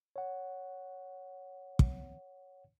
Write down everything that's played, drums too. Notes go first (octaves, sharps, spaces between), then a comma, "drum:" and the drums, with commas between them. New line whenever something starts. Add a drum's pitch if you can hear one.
C#5 F#5
drum: kick